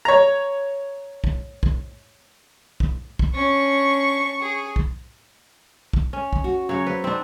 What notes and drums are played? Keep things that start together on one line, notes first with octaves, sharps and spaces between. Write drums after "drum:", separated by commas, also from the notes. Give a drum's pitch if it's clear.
C#5 A#5
drum: kick
drum: kick
drum: kick
drum: kick
C#4 D4 C#6
G#4
drum: kick
drum: kick
C#4
drum: kick
F#4
C#3 F#3 C#5
C4 B4
C4 D4 D#4